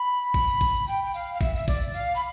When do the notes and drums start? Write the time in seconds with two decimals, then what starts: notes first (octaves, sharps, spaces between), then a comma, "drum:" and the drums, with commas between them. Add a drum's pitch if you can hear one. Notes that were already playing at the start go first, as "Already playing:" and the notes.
Already playing: B5
0.34 drum: kick G#1, tambourine
0.48 drum: tambourine
0.61 drum: kick G#1, tambourine
0.74 drum: tambourine
0.88 G5, drum: tambourine
1.04 G5
1.14 F5, drum: tambourine
1.34 F5
1.41 E5, drum: kick G#1, tambourine
1.56 E5, drum: tambourine
1.68 D5, drum: kick G#1, tambourine
1.81 drum: tambourine
1.94 F5, drum: tambourine
2.15 B5